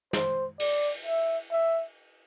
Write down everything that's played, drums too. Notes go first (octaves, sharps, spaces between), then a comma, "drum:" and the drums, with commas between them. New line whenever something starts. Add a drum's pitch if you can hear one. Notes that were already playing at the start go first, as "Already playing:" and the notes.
C5, drum: snare
D5, drum: cymbal
E5
E5